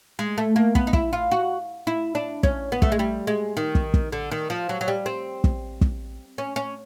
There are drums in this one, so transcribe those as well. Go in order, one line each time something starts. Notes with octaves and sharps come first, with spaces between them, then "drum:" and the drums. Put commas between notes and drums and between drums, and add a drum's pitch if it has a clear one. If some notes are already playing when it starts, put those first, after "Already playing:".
G#3
A3
A#3
B3, drum: kick
D#4
E4, drum: kick
F4
F#4
E4
D4
C#4, drum: kick
B3
A3, drum: kick
G#3
G3
G#3
D#3
drum: kick
drum: kick
D3
D#3
F3
F#3
F#3
G3
C4
drum: kick
drum: kick
C#4
C#4